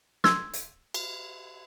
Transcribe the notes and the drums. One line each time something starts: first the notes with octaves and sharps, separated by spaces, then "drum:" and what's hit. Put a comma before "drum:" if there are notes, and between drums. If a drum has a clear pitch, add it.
C6 E6 G#6, drum: snare
drum: hi-hat
drum: cymbal